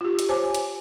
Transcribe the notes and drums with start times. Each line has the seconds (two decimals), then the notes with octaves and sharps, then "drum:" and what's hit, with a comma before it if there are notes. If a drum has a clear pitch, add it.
0.01 F4 G4
0.19 drum: hi-hat
0.29 C5 C#5 G#5 A5 D6
0.54 drum: hi-hat